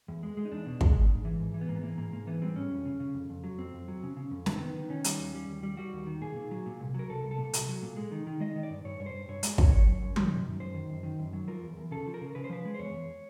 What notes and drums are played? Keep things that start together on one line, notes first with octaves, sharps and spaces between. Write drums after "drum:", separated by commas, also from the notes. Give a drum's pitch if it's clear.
E2
G#3
G#3
D#4
E2 D4
B2
G#3, drum: kick
G#2
G#2
E3
G#2
E3
B3
G#2 A#3
B3
E3 A#3
G#2 A#3
G#2 A#3
E3 B3
G3 C4
G#2 C#4
F2
C#3
C#3
F2
F2
F#3
F2 C4
F2
F#3
C#3
C#3
F2
D#3 B3, drum: snare
C4
D#3 B3
D#3
D#3 C#4
G3, drum: hi-hat
D#2
G3
D#2
G3
G3 F#4
D#2
D#3
A#2 G#4
A#2
F#3
A#2
C2
F#3 A#4
C2 A4
C2
A4
A#2
C2, drum: hi-hat
F#3
A#2
G#3
D#3
D#3
G#3 D#5
D#3
D5
G2
G2 C#5
G2 C#5
C5
G2
G2 C#5
G#3 D5, drum: hi-hat
G2 C#5, drum: kick
F#2 C#5
F#3
F#2
D#3, drum: tom F#3
F#2
F#2
F#2 C5
D#3
F#2
D#3
F#2
F#3
F3 A#4
E2
E2
C#3 A4
F3
A#4
C#3
C#3 B4
C5
F3 B4
G#3
C5
E2 C#5
E2